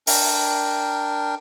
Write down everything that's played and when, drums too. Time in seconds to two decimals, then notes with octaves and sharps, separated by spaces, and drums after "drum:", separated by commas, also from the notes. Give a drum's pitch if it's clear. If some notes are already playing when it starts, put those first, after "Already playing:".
0.07 D4 A#4 G5, drum: open hi-hat